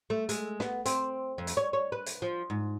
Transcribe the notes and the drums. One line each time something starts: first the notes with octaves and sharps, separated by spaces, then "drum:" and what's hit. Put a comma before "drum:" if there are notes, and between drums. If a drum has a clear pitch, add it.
A3
G#3, drum: hi-hat
B3, drum: snare
C4, drum: hi-hat
F2
drum: hi-hat
C#5
C#5
B4
drum: hi-hat
F3
G#2